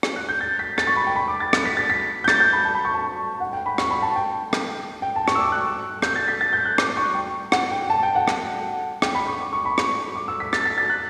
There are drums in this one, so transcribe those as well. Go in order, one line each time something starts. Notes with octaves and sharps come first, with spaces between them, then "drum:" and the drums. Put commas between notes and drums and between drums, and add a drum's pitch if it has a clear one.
drum: rim click
F#6
G6
A6
B6
A6, drum: rim click
C#6
B5
G5
B5
D6
A6
drum: rim click
B6
A6
B6
G6
A6, drum: rim click
G6
B5
A5
B5
C#6
A5
F#5
G5
B5
C#6, drum: rim click
B5
A5
G5
drum: rim click
G5
A5
C#6, drum: rim click
E6
D6
F#6
G6, drum: rim click
A6
B6
A6
G6
F#6
D6, drum: rim click
C#6
G5
F#5, drum: rim click
G5
A5
G5
F#5
drum: rim click
G5, drum: rim click
B5
C#6
D6
C#6
B5
C#6, drum: rim click
D6
E6
B6
A6, drum: rim click
B6
A6
F#6